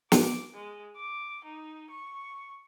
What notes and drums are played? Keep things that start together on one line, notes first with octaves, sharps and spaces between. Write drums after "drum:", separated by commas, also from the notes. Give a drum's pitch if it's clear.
D6, drum: snare
G#3
D6
D#4
C#6